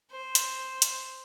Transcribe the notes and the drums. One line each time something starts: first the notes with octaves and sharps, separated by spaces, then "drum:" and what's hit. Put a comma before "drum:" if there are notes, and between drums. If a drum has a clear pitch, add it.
C5
drum: hi-hat
drum: hi-hat